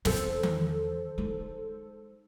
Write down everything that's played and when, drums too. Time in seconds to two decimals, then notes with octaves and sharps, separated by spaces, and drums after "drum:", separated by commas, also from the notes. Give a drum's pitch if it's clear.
0.05 E2 A4 C5, drum: snare
0.43 drum: tom D#3
1.18 G#3 D#4